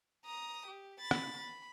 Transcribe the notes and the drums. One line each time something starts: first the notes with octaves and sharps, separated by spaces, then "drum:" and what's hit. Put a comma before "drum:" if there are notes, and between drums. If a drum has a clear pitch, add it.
A#5 D#6
G4
B5 A6
drum: rim click
B5